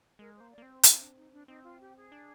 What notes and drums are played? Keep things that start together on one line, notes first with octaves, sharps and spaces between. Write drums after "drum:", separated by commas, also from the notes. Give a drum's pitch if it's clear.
G#3 A#4
A#3 C5
D5
A#3
C4
C5
F4, drum: hi-hat
D4
D#4
D4
C4 D#4
F4
G4
G#4
D4